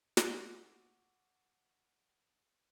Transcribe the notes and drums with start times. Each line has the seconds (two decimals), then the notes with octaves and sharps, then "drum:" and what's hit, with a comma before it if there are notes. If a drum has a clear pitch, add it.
0.17 F5 F#5 C#6 D6 E6, drum: snare